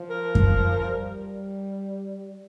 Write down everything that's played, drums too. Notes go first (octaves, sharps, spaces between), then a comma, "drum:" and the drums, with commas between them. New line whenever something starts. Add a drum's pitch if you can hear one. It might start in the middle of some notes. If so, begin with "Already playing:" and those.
Already playing: F3
A#4
drum: kick F#2
G3